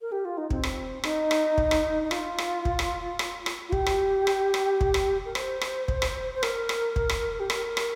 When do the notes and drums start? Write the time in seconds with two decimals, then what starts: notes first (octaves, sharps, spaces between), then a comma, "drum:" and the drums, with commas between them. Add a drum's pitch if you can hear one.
0.01 A#4
0.12 G4
0.25 F4
0.37 D#4
0.50 C4, drum: kick
0.63 drum: rim click
1.04 D#4, drum: rim click
1.31 drum: rim click
1.58 drum: kick
1.71 drum: rim click
2.04 D#4
2.11 F4, drum: rim click
2.38 drum: rim click
2.65 drum: kick
2.79 drum: rim click
3.19 drum: rim click
3.46 drum: rim click
3.69 F4
3.72 G4, drum: kick
3.86 drum: rim click
4.27 drum: rim click
4.54 drum: rim click
4.81 drum: kick
4.94 drum: rim click
5.25 A#4
5.35 C5, drum: rim click
5.61 drum: rim click
5.88 drum: kick
6.02 drum: rim click
6.35 C5
6.43 A#4, drum: rim click
6.69 drum: rim click
6.96 drum: kick
7.09 drum: rim click
7.40 G4
7.50 A#4, drum: rim click
7.77 drum: rim click